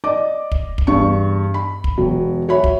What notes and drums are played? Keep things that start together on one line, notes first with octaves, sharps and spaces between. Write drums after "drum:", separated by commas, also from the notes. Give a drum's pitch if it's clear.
D5 D#5 D6
drum: kick
drum: kick
E2 G2 C#6
B5
drum: kick
E1 F#3
F#4 C#5 E5 B5
drum: kick